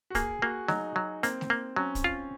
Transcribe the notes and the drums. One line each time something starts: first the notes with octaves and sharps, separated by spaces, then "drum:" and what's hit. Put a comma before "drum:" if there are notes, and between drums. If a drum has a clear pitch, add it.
F#4
A#3 G#4, drum: kick, hi-hat
A#3 F#4
F#3 D#4, drum: snare A3
F#3
A#3 C4, drum: hi-hat
drum: snare A3
A#3
F#3 C#4
drum: kick, hi-hat
F4